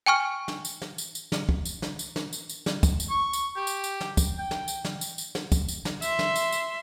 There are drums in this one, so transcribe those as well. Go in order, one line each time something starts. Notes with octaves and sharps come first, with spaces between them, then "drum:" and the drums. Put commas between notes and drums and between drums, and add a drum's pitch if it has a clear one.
G5 G#5 C#6 F6
drum: snare
drum: tambourine
drum: snare
drum: tambourine
drum: tambourine
drum: snare
drum: kick
drum: tambourine
drum: snare
drum: tambourine
drum: snare
drum: tambourine
drum: tambourine
drum: snare
drum: kick, tambourine
drum: tambourine
C#6
drum: tambourine
G4
drum: tambourine
drum: tambourine
drum: snare
drum: kick, tambourine
G5
drum: snare
drum: tambourine
drum: snare
drum: tambourine
drum: tambourine
drum: snare
drum: kick, tambourine
drum: tambourine
drum: snare
E5 C6, drum: tambourine
drum: snare
drum: tambourine
drum: tambourine